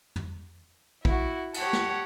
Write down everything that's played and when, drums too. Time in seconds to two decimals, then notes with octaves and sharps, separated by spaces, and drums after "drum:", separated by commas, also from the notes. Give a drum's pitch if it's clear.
0.16 drum: tom
1.05 E4 F#4, drum: kick A#1
1.54 G4 C#5 F#5 A5, drum: cymbal
1.73 drum: snare